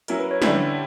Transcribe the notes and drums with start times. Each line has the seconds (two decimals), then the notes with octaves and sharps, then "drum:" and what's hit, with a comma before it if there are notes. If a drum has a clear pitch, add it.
0.08 F#3 C#4 E4 A#4, drum: hi-hat
0.19 B4
0.31 C#5
0.42 D3 G3 C#4 E4 G4, drum: snare